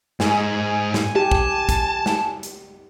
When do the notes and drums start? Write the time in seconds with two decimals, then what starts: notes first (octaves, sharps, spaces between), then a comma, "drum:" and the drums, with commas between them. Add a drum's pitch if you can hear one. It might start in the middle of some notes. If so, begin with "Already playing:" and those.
0.20 G#2 G#5, drum: snare
0.94 drum: snare
1.16 G4 A5
1.31 drum: kick
1.69 drum: kick, hi-hat
2.06 drum: snare
2.43 drum: hi-hat